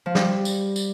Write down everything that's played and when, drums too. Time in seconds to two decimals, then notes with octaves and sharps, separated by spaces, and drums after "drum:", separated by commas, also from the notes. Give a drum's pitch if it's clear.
0.06 F3
0.15 G3, drum: snare
0.45 drum: tambourine
0.76 drum: tambourine